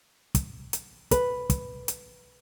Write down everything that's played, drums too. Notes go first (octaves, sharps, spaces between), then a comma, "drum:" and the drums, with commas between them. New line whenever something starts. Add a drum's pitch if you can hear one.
drum: kick, hi-hat
drum: hi-hat
B4, drum: kick, hi-hat
drum: kick, hi-hat
drum: hi-hat